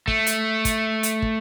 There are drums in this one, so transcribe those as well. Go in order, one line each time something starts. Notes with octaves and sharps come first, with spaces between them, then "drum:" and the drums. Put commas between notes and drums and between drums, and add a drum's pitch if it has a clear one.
A3, drum: kick
drum: hi-hat
drum: kick, hi-hat
drum: hi-hat
drum: kick